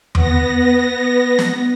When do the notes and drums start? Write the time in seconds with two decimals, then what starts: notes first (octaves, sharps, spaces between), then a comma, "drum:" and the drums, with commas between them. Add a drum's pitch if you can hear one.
0.15 B3 A#6, drum: tom E2
1.39 drum: snare